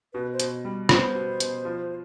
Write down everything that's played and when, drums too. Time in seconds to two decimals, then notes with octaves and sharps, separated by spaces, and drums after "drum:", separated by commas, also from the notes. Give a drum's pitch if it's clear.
0.14 B2 B4
0.33 C5
0.40 B2, drum: hi-hat
0.65 G3
0.89 B3 C5, drum: rim click
1.15 B2
1.40 B2, drum: hi-hat
1.65 F3